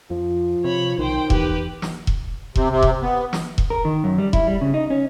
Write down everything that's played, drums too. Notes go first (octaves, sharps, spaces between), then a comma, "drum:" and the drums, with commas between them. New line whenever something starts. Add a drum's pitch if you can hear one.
F2 F3
C3 C#5 B5
B1 D#3 C5 G5
E2 G4 B4, drum: kick E1
drum: snare
drum: kick E1
C3, drum: kick E1
C3
drum: kick E1
B3
drum: snare
drum: kick E1
A#4
D#3
F#2
G3
E4, drum: kick E1
G3
C#3
D#4
C#4